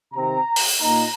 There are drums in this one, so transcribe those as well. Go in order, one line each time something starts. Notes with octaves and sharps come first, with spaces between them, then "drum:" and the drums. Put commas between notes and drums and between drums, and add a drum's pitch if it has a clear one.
C3 D#3 C4 A#5
drum: open hi-hat
A#2 A#3 D#4 A#5